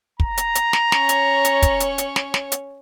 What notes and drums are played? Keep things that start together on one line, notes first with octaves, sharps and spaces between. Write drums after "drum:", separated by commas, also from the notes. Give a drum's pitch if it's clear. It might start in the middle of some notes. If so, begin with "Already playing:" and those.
A#5, drum: kick
drum: hi-hat
drum: hi-hat
drum: snare
C#4 C#5, drum: snare
drum: hi-hat
drum: hi-hat
drum: kick, hi-hat
drum: hi-hat
drum: hi-hat
drum: snare
drum: snare
drum: hi-hat